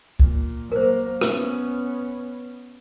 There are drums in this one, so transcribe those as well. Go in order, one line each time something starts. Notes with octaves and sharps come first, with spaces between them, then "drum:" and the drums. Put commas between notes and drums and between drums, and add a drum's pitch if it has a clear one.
A#2, drum: kick D2
F#3 A#3 A#4 C5
B3 C#4, drum: rim click